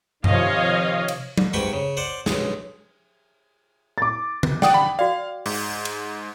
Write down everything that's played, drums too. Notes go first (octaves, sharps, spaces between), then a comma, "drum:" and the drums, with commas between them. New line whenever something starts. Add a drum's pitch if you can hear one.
C3 D#3 F3 C#5 D#5 F5, drum: tom G2
drum: cymbal
drum: tom F#3
G#2 C3 F#4 B4 G5 C#6
C#3
C5 D5 F#5
B1 G#3, drum: snare
D6 A6
drum: tom D3
D5 F#5 G5 D#6, drum: snare
B5
F#4 D5 F5
G#2, drum: open hi-hat
drum: cymbal